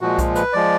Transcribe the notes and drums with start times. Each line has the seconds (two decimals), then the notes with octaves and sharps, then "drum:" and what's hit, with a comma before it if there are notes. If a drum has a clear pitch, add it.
0.01 A#2 F3 G#3 F#4
0.18 drum: kick B1, hi-hat
0.35 B4, drum: hi-hat
0.53 F3 G#3 D5